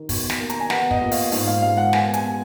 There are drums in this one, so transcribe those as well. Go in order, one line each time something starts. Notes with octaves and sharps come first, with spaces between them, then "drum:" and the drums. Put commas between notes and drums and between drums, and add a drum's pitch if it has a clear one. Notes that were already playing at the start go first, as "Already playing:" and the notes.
Already playing: D#3
B2, drum: kick, open hi-hat
drum: snare
A#3
A#5, drum: hi-hat
G#5
B3 F#5, drum: snare
D#5, drum: kick
A#2
F5, drum: open hi-hat
G#2 F5, drum: open hi-hat
F5
G#3 F5
F#5
B3 G#5, drum: snare
G#5, drum: hi-hat
B3